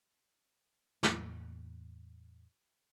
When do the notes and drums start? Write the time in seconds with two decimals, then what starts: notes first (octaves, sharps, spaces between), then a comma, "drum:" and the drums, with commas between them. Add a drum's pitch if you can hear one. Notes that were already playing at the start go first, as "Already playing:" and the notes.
1.03 E2 A2 E3 A#3, drum: snare